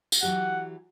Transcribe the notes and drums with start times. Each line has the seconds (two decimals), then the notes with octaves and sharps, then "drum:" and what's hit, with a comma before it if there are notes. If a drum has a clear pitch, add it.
0.12 drum: tambourine
0.23 E3 F#3 G4 F#5